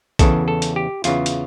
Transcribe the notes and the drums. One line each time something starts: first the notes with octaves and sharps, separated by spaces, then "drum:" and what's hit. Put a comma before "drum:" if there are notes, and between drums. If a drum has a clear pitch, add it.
E2 C#3 E3 A4, drum: kick A#1, hi-hat
A4
drum: hi-hat
G4
E2 C#3 E3 F4, drum: hi-hat
drum: hi-hat